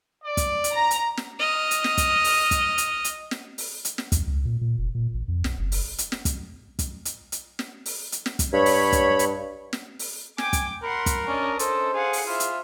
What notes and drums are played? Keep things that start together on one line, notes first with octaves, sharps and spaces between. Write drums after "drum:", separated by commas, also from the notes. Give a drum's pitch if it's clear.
D5
drum: kick, hi-hat
drum: hi-hat
A#5
drum: hi-hat
drum: snare
D#5 F6
drum: hi-hat
drum: snare
drum: kick, hi-hat
drum: open hi-hat
drum: kick, hi-hat
drum: hi-hat
drum: hi-hat
drum: snare
drum: open hi-hat
drum: hi-hat
drum: snare
E2, drum: kick, hi-hat
C#2
A#2
A#2
F1
A#2
A1
F2
B1, drum: snare
F#1
drum: open hi-hat
drum: hi-hat
drum: snare
drum: kick, hi-hat
drum: kick, hi-hat
drum: hi-hat
drum: hi-hat
drum: snare
drum: open hi-hat
drum: hi-hat
drum: snare
drum: kick, hi-hat
G2 C#5 B5
drum: open hi-hat
drum: kick, hi-hat
drum: hi-hat
drum: snare
drum: open hi-hat
G5 G#5 D6, drum: snare
drum: kick, hi-hat
A#4 F#5 B5 C6
drum: kick, hi-hat
C#4 D4 D5 D#5
C#4 A4 C5, drum: hi-hat
G#4 F5 F#5 G#5
drum: open hi-hat
E4 F4 C5 E5
drum: hi-hat